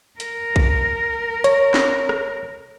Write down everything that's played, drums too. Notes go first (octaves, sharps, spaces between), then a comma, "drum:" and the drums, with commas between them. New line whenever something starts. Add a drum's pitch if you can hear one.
A#4, drum: hi-hat
drum: kick A#1
C#5, drum: hi-hat
drum: snare
drum: rim click